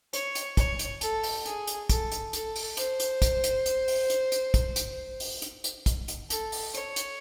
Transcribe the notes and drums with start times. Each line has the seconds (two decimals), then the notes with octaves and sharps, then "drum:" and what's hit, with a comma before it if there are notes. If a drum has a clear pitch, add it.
0.13 C#5, drum: hi-hat
0.35 drum: hi-hat
0.57 C#5, drum: kick, hi-hat
0.79 drum: hi-hat
1.01 A4, drum: hi-hat
1.23 drum: open hi-hat
1.46 G#4, drum: hi-hat
1.67 drum: hi-hat
1.89 A4, drum: kick, hi-hat
2.11 drum: hi-hat
2.33 A4, drum: hi-hat
2.56 drum: open hi-hat
2.77 C5, drum: hi-hat
3.00 drum: hi-hat
3.22 drum: kick, hi-hat
3.44 drum: hi-hat
3.66 drum: hi-hat
3.88 drum: open hi-hat
4.10 drum: hi-hat
4.32 drum: hi-hat
4.54 drum: kick, hi-hat
4.76 drum: hi-hat
5.20 drum: open hi-hat
5.42 drum: hi-hat
5.64 drum: hi-hat
5.86 drum: kick, hi-hat
6.08 drum: hi-hat
6.30 A4, drum: hi-hat
6.52 drum: open hi-hat
6.74 C#5, drum: hi-hat
6.96 drum: hi-hat